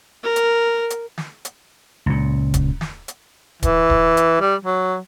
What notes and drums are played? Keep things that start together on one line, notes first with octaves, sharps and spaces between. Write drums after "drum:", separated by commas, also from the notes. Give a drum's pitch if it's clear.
A#4
drum: hi-hat
drum: hi-hat
drum: snare
drum: hi-hat
C#2 A#2
drum: kick D1, hi-hat
drum: snare
drum: hi-hat
E3, drum: kick D1, hi-hat
drum: kick D1
drum: hi-hat
G3
F#3